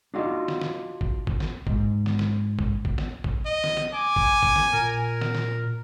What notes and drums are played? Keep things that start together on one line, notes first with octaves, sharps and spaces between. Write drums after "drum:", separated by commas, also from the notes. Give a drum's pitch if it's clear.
D4 D#4 F4 F#4 D#5
drum: snare
drum: snare
drum: kick
drum: kick
drum: snare
G#2, drum: kick
drum: snare
drum: snare
drum: kick
drum: kick
drum: snare
drum: kick
D#5
drum: snare
drum: snare
G#5 D6
drum: kick
drum: kick
drum: snare
A#2 A#4
drum: snare
drum: snare